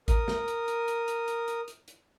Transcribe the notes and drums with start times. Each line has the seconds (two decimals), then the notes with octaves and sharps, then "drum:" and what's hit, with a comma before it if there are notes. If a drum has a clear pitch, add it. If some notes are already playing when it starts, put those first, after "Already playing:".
0.08 A#4 D#6, drum: kick, hi-hat
0.28 drum: snare
0.48 drum: hi-hat
0.68 drum: hi-hat
0.88 drum: hi-hat
1.08 drum: hi-hat
1.28 drum: hi-hat
1.48 drum: hi-hat
1.68 drum: hi-hat
1.88 drum: hi-hat